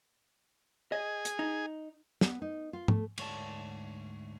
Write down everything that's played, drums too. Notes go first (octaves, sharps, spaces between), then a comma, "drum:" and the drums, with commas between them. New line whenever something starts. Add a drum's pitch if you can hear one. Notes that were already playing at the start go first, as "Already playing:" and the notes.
G#4 D#5
drum: hi-hat
D#4
B3, drum: snare
D#4
F4
A3, drum: tom G#2
D2 G#2 C#5 D5 A5, drum: cymbal